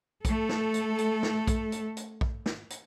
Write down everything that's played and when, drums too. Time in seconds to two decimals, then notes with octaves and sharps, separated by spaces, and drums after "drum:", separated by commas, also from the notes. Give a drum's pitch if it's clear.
0.25 A3 A4, drum: kick A#1, hi-hat
0.49 drum: snare
0.74 drum: hi-hat
0.98 drum: hi-hat
1.23 drum: snare
1.47 drum: kick A#1, hi-hat
1.72 drum: hi-hat
1.97 drum: hi-hat
2.21 drum: kick A#1
2.46 drum: snare
2.70 drum: hi-hat